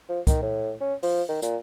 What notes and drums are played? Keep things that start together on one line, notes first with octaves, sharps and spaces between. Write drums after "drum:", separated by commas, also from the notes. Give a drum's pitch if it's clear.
F3
D#3, drum: kick, hi-hat
A2
C#4
F3, drum: open hi-hat
D#3
A#2, drum: hi-hat